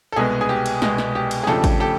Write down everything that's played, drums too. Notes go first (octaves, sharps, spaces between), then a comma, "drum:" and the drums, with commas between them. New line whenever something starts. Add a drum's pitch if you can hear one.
A4
C2 B2 G#3 B3 G#4
G#4
G4
drum: cymbal
C2 B2 G#3 B3, drum: snare
drum: snare
G4
drum: cymbal
G#4
F2 C#3 F3 A3 D4 G4 A4, drum: snare
drum: kick G#1, cymbal
G4 A4